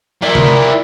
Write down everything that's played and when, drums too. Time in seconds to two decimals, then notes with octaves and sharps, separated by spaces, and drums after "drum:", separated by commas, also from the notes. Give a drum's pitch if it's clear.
0.22 F3 E4 A#4 D5
0.35 drum: tom C3